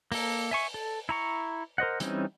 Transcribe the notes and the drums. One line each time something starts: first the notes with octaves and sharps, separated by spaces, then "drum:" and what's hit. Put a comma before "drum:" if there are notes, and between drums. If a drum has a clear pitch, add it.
A#3 A4, drum: open hi-hat
E5 G#5 C#6
A4
E4 A#5 C#6
A#4 C5 D#5 F#5
E3 G3 C4 C#4 D#4, drum: hi-hat